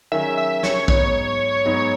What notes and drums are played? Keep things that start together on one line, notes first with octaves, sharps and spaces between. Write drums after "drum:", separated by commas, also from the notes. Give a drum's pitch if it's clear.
D#3 F#3 C#4 G#4 E5
E5
C#5, drum: snare
G#2 F#3 B3 D#4 C#5, drum: kick
G#2 F#3 B3 D#4